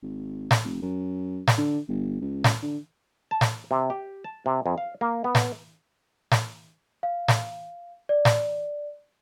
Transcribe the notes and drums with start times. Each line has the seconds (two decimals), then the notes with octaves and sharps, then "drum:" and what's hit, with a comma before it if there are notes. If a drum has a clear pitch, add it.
0.02 G#1
0.51 drum: snare
0.64 F1
0.82 F#2
1.48 drum: snare
1.58 D3
1.88 G1
2.21 C#2
2.44 drum: snare
2.63 D3
3.31 A5
3.41 drum: snare
3.71 C3
3.90 G4
4.24 A5
4.46 C3
4.66 F2
4.78 F5
5.01 A#3
5.24 B3
5.35 drum: snare
6.32 drum: snare
7.03 F5
7.28 drum: snare
8.09 D5
8.25 drum: snare